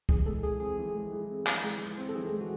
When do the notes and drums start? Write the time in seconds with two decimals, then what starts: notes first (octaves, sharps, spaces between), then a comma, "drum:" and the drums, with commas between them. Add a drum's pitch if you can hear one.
0.09 E3 G#4, drum: kick
0.26 G#3 A4
0.43 E3 G#4
0.60 C4 G#4
0.78 E3
0.95 G#3
1.12 E3
1.29 C4
1.47 E3, drum: clap
1.64 G#3
1.81 E3
1.97 C4
2.09 A4
2.15 E3 G#4
2.32 G#3
2.41 F#4